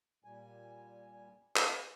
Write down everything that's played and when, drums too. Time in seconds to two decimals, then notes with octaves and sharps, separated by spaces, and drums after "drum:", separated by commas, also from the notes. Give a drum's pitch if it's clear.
0.24 A#2 G3 G#5
1.56 drum: clap